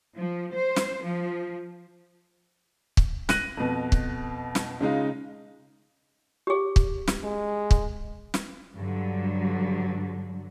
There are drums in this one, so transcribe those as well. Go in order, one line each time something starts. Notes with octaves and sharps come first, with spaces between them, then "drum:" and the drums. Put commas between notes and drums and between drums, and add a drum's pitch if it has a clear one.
F3
C5
drum: snare
F3
drum: kick
F#6 A#6 D#7 F#7, drum: snare
F2 B2
drum: kick
drum: snare
C#3 G#3 D#4 F4
G4 G#4
drum: kick
drum: snare
G#3
drum: kick
drum: snare
G2 D3 F#3